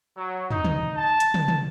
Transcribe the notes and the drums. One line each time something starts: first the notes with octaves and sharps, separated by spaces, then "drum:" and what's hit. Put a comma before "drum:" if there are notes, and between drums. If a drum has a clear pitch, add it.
F#3
D#4, drum: tom
drum: tom
A5
drum: hi-hat
drum: tom
drum: tom